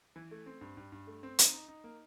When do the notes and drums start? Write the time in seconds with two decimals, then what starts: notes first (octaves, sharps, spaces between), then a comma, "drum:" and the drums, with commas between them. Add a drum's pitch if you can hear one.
0.16 E3
0.31 A3
0.46 C4
0.61 G2
0.77 G2
0.92 G2
1.07 A3
1.23 C4
1.39 D#4, drum: hi-hat
1.53 D#4
1.68 D#4
1.84 A#3